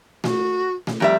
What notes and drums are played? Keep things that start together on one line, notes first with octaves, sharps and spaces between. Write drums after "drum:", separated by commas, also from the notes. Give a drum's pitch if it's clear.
F#4, drum: snare A3
drum: snare A3
F2 G3 E5 A#5